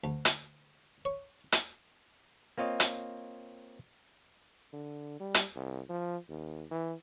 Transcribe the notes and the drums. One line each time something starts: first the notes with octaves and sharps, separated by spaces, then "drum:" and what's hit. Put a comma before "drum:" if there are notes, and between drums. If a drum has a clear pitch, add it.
D2
drum: hi-hat
C#5
drum: hi-hat
A#3 C4 F4 C#5 D#5
drum: hi-hat
D3
G3
drum: hi-hat
C2
F3
D#2
E3